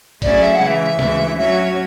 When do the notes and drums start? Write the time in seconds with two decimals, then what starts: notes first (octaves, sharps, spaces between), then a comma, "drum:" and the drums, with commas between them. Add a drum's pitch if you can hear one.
0.22 F#3 A3 C#4 E4 G#4 D5, drum: kick, hi-hat
0.42 E5
0.54 F#5
0.61 C#3 E3 G#3
0.67 E5
0.99 D2 C#3 E3 G#3, drum: snare
1.37 F#3 C#4 F#4 C#5 E5